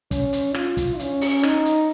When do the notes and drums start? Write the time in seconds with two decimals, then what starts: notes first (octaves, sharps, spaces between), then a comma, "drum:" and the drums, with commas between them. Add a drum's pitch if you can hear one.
0.11 C#4, drum: kick, hi-hat
0.33 drum: hi-hat
0.54 F4, drum: rim click
0.77 drum: kick, hi-hat
0.99 C#4, drum: hi-hat
1.21 drum: open hi-hat
1.43 D#4, drum: rim click
1.66 drum: hi-hat